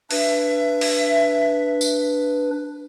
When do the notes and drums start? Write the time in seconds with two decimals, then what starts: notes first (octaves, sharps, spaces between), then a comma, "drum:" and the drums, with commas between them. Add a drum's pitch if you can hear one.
0.11 D4 B4 E5, drum: open hi-hat
0.81 drum: open hi-hat
1.81 drum: tambourine